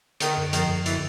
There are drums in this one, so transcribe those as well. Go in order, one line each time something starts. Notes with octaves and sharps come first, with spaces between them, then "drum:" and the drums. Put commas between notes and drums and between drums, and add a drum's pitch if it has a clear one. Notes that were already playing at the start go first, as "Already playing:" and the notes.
D3 D#3, drum: hi-hat
F#2
D#3 F3, drum: hi-hat
F#2
D3 E3, drum: hi-hat